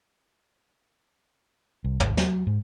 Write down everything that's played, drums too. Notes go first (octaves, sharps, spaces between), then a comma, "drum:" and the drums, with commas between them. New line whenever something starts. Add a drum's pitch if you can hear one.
C2
G#1, drum: tom
F#3, drum: snare
G#2